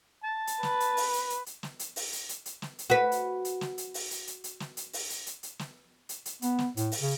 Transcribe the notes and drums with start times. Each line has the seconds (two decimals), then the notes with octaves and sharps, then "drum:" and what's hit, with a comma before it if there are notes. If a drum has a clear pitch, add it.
0.24 A5
0.47 drum: hi-hat
0.63 B4, drum: snare
0.80 drum: hi-hat
0.97 drum: open hi-hat
1.13 drum: hi-hat
1.30 drum: hi-hat
1.46 drum: hi-hat
1.63 drum: snare
1.79 drum: hi-hat
1.96 drum: open hi-hat
2.12 drum: hi-hat
2.29 drum: hi-hat
2.46 drum: hi-hat
2.62 drum: snare
2.79 drum: hi-hat
2.90 F#4 B4
3.12 drum: hi-hat
3.45 drum: hi-hat
3.61 drum: snare
3.78 drum: hi-hat
3.94 drum: open hi-hat
4.11 drum: hi-hat
4.27 drum: hi-hat
4.44 drum: hi-hat
4.60 drum: snare
4.77 drum: hi-hat
4.93 drum: open hi-hat
5.10 drum: hi-hat
5.26 drum: hi-hat
5.43 drum: hi-hat
5.59 drum: snare
6.09 drum: hi-hat
6.25 drum: hi-hat
6.42 B3, drum: hi-hat
6.59 drum: snare
6.77 A2, drum: hi-hat
6.92 drum: open hi-hat
7.01 C#3